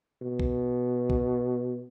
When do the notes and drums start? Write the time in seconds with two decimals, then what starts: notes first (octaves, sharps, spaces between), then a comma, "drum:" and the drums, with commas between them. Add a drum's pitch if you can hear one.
0.22 B2
0.40 drum: kick B1
1.10 drum: kick B1